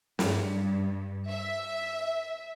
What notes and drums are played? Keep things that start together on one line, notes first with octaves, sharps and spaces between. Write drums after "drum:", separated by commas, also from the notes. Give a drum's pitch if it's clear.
G2, drum: snare
E5